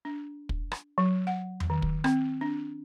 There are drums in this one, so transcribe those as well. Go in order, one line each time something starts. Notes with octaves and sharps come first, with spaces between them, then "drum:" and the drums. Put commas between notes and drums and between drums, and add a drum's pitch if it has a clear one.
D4
drum: kick
drum: rim click
F#3
F#5
drum: tom E2
D#3
drum: kick
C4, drum: rim click
D4